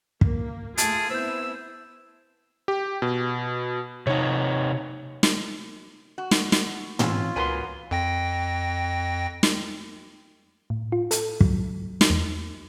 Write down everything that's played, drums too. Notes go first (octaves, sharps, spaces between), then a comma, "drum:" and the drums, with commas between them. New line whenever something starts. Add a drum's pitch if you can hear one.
A#3, drum: kick
A3 F4 G#4 A5 A6 D7, drum: hi-hat
B3 C4 E4 C5 E6 G6
G4
B2
C3 D#4 C#5
drum: snare
F#4
drum: snare
drum: snare
E3 C4 C#4 F4, drum: tom
C#2 F#3 A#3 B3 G#5 A#5 C6
F2 G5 A#6
drum: snare
A2
F4
A4, drum: hi-hat
F#3, drum: kick
drum: snare
E2